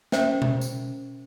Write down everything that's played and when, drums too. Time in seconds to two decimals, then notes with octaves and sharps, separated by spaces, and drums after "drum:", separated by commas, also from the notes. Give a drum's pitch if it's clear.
0.12 C#4 A#4 C5 E5 G5, drum: snare
0.42 drum: tom B2
0.61 drum: tambourine